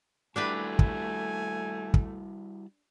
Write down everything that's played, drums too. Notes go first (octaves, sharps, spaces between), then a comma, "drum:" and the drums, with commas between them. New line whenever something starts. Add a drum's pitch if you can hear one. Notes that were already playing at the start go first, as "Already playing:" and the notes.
G3 A3 D4 E4 F#4 G4 B4 G#5
drum: kick
drum: kick